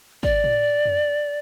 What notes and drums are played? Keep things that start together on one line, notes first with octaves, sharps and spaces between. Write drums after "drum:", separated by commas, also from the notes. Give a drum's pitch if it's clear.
D5, drum: kick
drum: tom A2
drum: tom F2